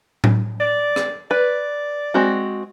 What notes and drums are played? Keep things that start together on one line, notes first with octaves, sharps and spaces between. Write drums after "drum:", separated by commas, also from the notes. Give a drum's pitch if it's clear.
drum: tom A2
D5
drum: rim click
B4 D5
G#3 C4 F#4